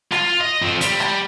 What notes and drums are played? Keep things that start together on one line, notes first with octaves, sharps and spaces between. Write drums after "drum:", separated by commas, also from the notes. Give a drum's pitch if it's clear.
F4, drum: rim click
D#5
F3 C4
G3, drum: hi-hat
drum: rim click